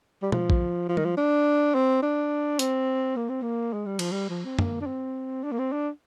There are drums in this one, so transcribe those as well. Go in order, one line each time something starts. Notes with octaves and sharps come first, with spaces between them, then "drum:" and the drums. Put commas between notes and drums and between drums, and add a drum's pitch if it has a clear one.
G3
F3, drum: tom B2
drum: kick A#1
F3
D#3, drum: tom G3
F3
D4
C4
D4
C4, drum: hi-hat
A#3
C4
A#3
G#3
G3
F3, drum: cymbal
G3
F3
C4
A#3, drum: tom
D4
C4
D4
A#3
C4
D4